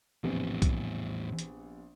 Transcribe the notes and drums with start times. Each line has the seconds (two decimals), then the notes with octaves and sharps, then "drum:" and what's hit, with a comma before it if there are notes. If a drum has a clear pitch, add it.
0.24 A#1 E2 A2 C3 B3
0.62 drum: kick B1, hi-hat
1.39 drum: hi-hat